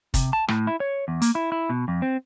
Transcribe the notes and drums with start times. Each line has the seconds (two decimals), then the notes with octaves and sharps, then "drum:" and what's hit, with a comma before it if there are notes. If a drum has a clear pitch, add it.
0.14 C3, drum: kick, hi-hat
0.33 A5
0.48 A2, drum: rim click
0.67 E4
0.80 C#5
1.08 E2
1.22 A#3, drum: hi-hat
1.35 E4
1.52 E4
1.70 B2
1.88 F2
2.02 C4